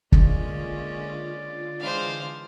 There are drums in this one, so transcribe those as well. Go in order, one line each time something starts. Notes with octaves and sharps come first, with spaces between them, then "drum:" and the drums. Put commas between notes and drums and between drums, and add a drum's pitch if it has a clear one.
D3 G#3 A#3 C#4 F4 D5, drum: kick
E3 G#3 D4 C5 F5